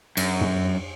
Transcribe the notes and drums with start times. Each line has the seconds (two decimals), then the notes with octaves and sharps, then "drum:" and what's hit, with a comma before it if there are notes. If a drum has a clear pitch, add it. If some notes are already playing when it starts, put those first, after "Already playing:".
0.17 F#2, drum: cymbal
0.41 drum: tom